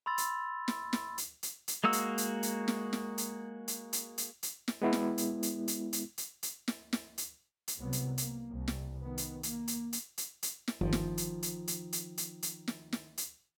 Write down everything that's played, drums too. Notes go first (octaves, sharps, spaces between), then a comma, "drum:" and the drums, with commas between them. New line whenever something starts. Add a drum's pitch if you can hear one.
B5 C6 E6 A6
drum: hi-hat
drum: snare
drum: snare
drum: hi-hat
drum: hi-hat
drum: hi-hat
G#3 A#3 F#4 E6
drum: hi-hat
drum: hi-hat
drum: hi-hat
drum: snare
drum: snare
drum: hi-hat
drum: hi-hat
drum: hi-hat
drum: hi-hat
drum: hi-hat
drum: snare
G#3 B3 E4
drum: snare
drum: hi-hat
drum: hi-hat
drum: hi-hat
drum: hi-hat
drum: hi-hat
drum: hi-hat
drum: snare
drum: snare
drum: hi-hat
drum: hi-hat
C2 C3 F#3 B3
drum: hi-hat
A#3, drum: hi-hat
C2
drum: snare
D#3 B3
drum: hi-hat
A#3, drum: hi-hat
drum: hi-hat
drum: hi-hat
drum: hi-hat
drum: hi-hat
drum: snare
G1 D#3 F3
drum: snare
drum: hi-hat
drum: hi-hat
drum: hi-hat
drum: hi-hat
drum: hi-hat
drum: hi-hat
drum: snare
drum: snare
drum: hi-hat